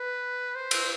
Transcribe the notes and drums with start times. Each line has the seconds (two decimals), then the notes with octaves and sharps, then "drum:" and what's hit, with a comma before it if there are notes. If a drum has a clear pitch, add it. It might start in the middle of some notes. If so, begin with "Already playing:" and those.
Already playing: B4
0.55 C5
0.71 drum: cymbal